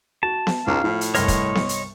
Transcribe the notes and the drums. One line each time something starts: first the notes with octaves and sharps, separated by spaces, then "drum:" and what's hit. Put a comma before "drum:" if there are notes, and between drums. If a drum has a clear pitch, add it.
F#4 A5
drum: snare B3
G#1 C#2 F5 A#5
A2 F3
drum: hi-hat
C2 G2 C#5 D#5 C6 C#6 F6, drum: hi-hat
drum: kick, hi-hat
drum: snare B3
drum: hi-hat